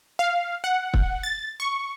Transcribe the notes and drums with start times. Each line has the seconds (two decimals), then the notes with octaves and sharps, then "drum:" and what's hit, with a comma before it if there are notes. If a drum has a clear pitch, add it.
0.19 F5
0.64 F#5
0.94 drum: kick
1.23 A6
1.60 C#6